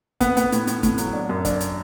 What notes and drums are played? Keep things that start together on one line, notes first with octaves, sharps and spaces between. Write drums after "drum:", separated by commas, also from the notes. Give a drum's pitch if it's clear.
B3, drum: kick, hi-hat
B3, drum: hi-hat
A2, drum: hi-hat
A2, drum: hi-hat
A2, drum: kick, hi-hat
F#3, drum: hi-hat
D4
F#2
D4, drum: kick, hi-hat
drum: hi-hat